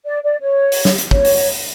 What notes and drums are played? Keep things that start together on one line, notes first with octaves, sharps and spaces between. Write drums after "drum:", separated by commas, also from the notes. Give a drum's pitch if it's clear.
D5
D5
C#5
drum: open hi-hat
drum: snare
drum: hi-hat
C#5, drum: kick
drum: open hi-hat